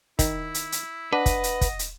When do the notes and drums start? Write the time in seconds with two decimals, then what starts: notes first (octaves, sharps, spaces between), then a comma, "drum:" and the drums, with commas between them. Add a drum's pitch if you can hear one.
0.19 D#3 E4, drum: kick, hi-hat
0.54 drum: hi-hat
0.72 drum: hi-hat
1.13 D4 B4 D#5 F#5
1.26 drum: kick, hi-hat
1.44 drum: hi-hat
1.61 drum: kick, hi-hat
1.79 drum: hi-hat